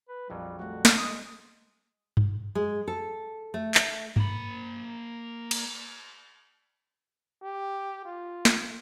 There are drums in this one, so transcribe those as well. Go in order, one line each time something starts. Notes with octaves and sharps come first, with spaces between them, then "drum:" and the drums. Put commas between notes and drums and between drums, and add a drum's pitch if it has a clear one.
B4
A#1 F2 F#3 G3
G3 A3 F#4
drum: snare
G#3 D#6
drum: tom G2
G#3
A4
A3
drum: clap
A#3 B5, drum: tom G2
drum: cymbal
G4
F4
drum: snare